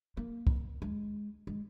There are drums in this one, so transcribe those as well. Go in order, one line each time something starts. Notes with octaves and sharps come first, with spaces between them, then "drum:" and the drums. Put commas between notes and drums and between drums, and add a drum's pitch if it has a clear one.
A#3
drum: kick
G#3
G#3